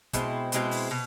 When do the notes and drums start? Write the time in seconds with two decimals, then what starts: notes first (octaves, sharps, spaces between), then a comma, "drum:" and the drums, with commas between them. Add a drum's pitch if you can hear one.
0.13 B2 G#3 C4 E4, drum: kick, hi-hat
0.52 B2 G#3 C4 E4, drum: hi-hat
0.71 drum: open hi-hat
0.91 B2